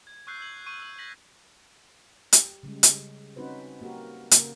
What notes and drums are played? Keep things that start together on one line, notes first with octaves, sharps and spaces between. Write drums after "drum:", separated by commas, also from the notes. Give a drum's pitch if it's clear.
G#6
C#6 E6 F#6 G6 C7
E6 G#6 F#7
C#6 G6 D#7
E6 F#7
G#6 A#6 B6 F#7
G4, drum: hi-hat
C#3 G3 G#3
drum: hi-hat
C4 C#4 D#4 F#4 B4 C5
A#3 F#4 G4 A#4
C#3 A#3 A#4, drum: hi-hat